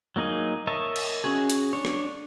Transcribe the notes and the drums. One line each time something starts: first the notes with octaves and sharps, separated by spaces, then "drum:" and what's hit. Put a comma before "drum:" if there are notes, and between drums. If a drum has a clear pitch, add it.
F#3 A#3 D#4 G#4 D#5
A#4 C#5 D#5 E5 A5
drum: cymbal
C#4 F#4 G#4
drum: hi-hat
D4 C#5
drum: rim click